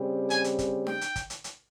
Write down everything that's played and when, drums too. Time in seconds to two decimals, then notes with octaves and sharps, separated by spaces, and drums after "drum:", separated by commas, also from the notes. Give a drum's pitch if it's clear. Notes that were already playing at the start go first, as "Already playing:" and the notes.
Already playing: C#3 G3 C4
0.30 G#5, drum: hi-hat
0.44 drum: hi-hat
0.59 drum: kick, hi-hat
0.87 G5, drum: snare
1.01 drum: hi-hat
1.16 drum: kick, hi-hat
1.30 drum: hi-hat
1.44 drum: hi-hat